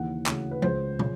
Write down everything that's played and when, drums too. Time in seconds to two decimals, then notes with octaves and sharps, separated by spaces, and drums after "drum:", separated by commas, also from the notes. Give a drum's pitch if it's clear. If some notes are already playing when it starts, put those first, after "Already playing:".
Already playing: D#2 C#3 E3 F#5
0.26 D2 C#3 E3, drum: clap
0.51 B4
0.62 C#2 C#3 F3 C5, drum: tom F3
0.99 C#3 F3, drum: tom